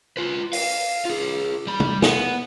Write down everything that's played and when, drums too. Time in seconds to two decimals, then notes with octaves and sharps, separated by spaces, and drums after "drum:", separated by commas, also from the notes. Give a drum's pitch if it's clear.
0.17 F4 B4
0.53 F5, drum: open hi-hat
1.05 F4 G#4
1.67 G3 B5
1.80 drum: tom
2.02 B3, drum: snare